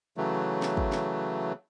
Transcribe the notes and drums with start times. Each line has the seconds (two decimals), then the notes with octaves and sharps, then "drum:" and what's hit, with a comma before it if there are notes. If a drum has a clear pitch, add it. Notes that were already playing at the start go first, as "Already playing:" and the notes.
0.17 C#3 E3 F#3 A3
0.62 drum: snare
0.77 drum: kick
0.92 drum: snare